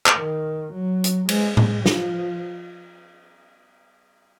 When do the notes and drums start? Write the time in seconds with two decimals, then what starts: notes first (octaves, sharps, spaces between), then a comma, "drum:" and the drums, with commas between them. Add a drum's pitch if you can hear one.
0.06 drum: clap
0.16 D#3
0.73 F#3
1.04 drum: hi-hat
1.29 G#3, drum: cymbal
1.57 G#3, drum: tom A2
1.86 F3, drum: snare